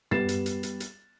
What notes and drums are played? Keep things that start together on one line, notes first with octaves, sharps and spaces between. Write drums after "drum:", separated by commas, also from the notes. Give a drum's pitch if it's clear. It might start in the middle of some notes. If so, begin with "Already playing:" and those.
G3 B3 A6 C7 E7, drum: tom
drum: hi-hat
drum: hi-hat
drum: hi-hat
drum: hi-hat